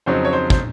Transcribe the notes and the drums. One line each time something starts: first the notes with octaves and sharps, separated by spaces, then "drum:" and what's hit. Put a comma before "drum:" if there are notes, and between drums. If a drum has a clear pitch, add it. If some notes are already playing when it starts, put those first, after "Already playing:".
F2 C#3 F#3 C4 D#4 C5
C#5
C5
C5, drum: kick